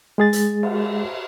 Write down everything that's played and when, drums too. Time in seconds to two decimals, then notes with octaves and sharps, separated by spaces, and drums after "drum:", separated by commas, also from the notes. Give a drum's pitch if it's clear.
0.18 G#3 G#4 A6
0.33 drum: hi-hat
0.63 drum: cymbal